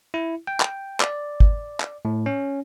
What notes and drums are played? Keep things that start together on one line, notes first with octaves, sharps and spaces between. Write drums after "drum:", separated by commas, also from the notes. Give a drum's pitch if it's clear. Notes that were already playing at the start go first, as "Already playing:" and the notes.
E4
G5
drum: clap
D5, drum: clap
drum: kick
drum: clap
A2
C#4